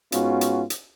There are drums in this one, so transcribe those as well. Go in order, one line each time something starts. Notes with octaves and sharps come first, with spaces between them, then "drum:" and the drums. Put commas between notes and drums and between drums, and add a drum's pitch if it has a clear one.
G#2 B3 C#4 F4 F#4, drum: hi-hat
drum: hi-hat
drum: hi-hat